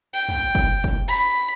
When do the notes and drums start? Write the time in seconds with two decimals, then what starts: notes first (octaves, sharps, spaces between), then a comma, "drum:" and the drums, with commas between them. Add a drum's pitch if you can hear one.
0.14 G5, drum: hi-hat
0.29 drum: tom
0.55 drum: kick
0.84 drum: kick
1.08 B5